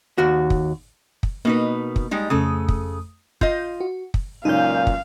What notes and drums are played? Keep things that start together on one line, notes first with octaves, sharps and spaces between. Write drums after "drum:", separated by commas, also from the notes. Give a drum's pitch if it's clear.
D#2 F#4
drum: kick
drum: kick
B2 A#3 D#4 B4
drum: kick
G3 G#3 D#4
F2 C#3 A3 A4 D#6
drum: kick
F4 D#5 G6, drum: kick
F#4
drum: kick
C#2 F#2 A#2 C#4 D#4 F5 G6
drum: kick